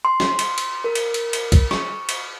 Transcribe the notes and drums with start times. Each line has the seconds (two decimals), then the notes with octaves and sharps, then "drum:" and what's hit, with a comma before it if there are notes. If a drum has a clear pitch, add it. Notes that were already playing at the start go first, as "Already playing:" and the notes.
0.05 C6
0.20 drum: snare
0.39 drum: cymbal
0.58 drum: cymbal
0.84 A#4
0.95 drum: cymbal
1.14 drum: cymbal
1.33 drum: cymbal
1.52 drum: kick, cymbal
1.71 C#6, drum: snare
2.09 drum: cymbal